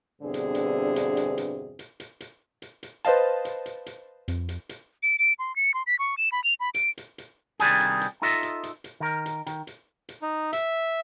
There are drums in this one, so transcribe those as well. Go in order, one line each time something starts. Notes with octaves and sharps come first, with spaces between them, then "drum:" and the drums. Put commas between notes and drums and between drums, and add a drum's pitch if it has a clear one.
E2 G2 B2 D3 C4 G#4
drum: hi-hat
drum: hi-hat
drum: hi-hat
drum: hi-hat
drum: hi-hat
drum: hi-hat
drum: hi-hat
drum: hi-hat
drum: hi-hat
drum: hi-hat
B4 C5 D#5 F5 A5, drum: hi-hat
drum: hi-hat
drum: hi-hat
drum: hi-hat
F2, drum: hi-hat
drum: hi-hat
drum: hi-hat
D7
D7
C6
C#7
C6
B6
C#6
E7
B5
F7
B5
D7, drum: hi-hat
drum: hi-hat
drum: hi-hat
C3 D#3 G3 D4 G#4, drum: hi-hat
drum: hi-hat
drum: hi-hat
D#4 F4 A4 D#5 E5
drum: hi-hat
drum: hi-hat
drum: hi-hat
D#3 A#4
drum: hi-hat
D#3, drum: hi-hat
drum: hi-hat
drum: hi-hat
D#4
E5, drum: hi-hat